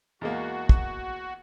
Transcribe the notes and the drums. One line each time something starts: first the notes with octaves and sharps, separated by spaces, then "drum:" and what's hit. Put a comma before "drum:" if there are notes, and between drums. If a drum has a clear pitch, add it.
E2 G#3 A#3 F#4
drum: kick